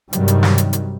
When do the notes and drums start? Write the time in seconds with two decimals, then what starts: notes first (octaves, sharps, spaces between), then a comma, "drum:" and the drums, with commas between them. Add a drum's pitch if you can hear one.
0.13 G2 C3 D#3 F#3 G3, drum: hi-hat
0.28 drum: hi-hat
0.43 drum: snare
0.58 drum: hi-hat
0.73 drum: hi-hat